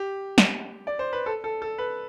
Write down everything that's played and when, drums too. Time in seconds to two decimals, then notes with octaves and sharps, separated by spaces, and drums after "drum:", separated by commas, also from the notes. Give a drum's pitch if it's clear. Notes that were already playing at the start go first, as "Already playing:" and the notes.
Already playing: G4
0.38 drum: snare
0.87 D5
0.99 C5
1.13 B4
1.26 A4
1.44 A4
1.62 A4
1.78 B4